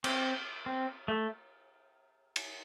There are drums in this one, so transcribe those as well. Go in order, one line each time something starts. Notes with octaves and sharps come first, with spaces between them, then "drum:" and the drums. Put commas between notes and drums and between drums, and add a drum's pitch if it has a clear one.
C4, drum: cymbal
C4
A3
drum: cymbal